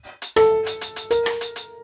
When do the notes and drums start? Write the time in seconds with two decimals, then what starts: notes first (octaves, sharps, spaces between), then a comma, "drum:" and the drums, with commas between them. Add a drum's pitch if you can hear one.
0.22 drum: hi-hat
0.36 A4, drum: rim click
0.66 drum: hi-hat
0.81 drum: hi-hat
0.96 drum: hi-hat
1.11 A#4, drum: hi-hat
1.26 drum: rim click
1.41 drum: hi-hat
1.56 drum: hi-hat